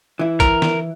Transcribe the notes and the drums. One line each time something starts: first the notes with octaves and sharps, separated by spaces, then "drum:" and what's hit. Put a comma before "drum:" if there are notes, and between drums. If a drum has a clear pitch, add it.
E3 E4
A#4, drum: kick, hi-hat
drum: snare